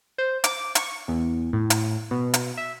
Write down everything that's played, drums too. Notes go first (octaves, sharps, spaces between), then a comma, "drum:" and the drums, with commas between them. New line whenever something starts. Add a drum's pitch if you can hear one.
C5
D6, drum: hi-hat
C#6, drum: hi-hat
E2
A2
drum: hi-hat
B2
drum: hi-hat
E5